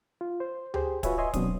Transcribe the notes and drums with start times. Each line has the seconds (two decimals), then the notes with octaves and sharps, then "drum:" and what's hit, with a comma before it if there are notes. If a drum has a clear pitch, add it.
0.21 F4
0.40 C5
0.74 G4 G#4 C5, drum: tom D2
1.03 F4 F#4 B4 C#5 E5 G#5, drum: kick, hi-hat
1.18 C#5 D#5 E5 G#5 C6
1.33 B2 F#3 C4 D4 D#6, drum: kick, hi-hat